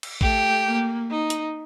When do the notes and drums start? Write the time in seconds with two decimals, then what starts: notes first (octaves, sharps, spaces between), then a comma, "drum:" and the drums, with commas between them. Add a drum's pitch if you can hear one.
0.03 drum: cymbal
0.21 A3 G4, drum: kick
0.66 A#3
1.11 D#4
1.30 drum: hi-hat